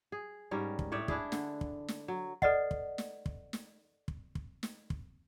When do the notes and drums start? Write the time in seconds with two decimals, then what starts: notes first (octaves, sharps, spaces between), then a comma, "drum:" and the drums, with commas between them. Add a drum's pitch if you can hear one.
0.12 G#4
0.51 G#2 G3 C#4 A#4
0.79 drum: kick
0.92 A2 C#5 D5 E5
1.08 D4 E4 G#4, drum: kick
1.32 D3, drum: snare
1.61 drum: kick
1.88 drum: snare
2.08 F#3
2.42 A4 B4 D5 D#5 F#5, drum: kick
2.71 drum: kick
2.98 drum: snare
3.26 drum: kick
3.53 drum: snare
4.08 drum: kick
4.35 drum: kick
4.63 drum: snare
4.90 drum: kick